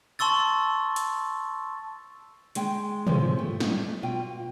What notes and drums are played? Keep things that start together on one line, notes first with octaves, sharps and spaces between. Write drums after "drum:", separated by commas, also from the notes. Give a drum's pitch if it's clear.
A5 C6 C#6 E6 A6
drum: hi-hat
D#3 G#3 G5, drum: hi-hat
C3 E3 F3 G#3 C#4, drum: tom
A3
drum: snare
B2 F4 G5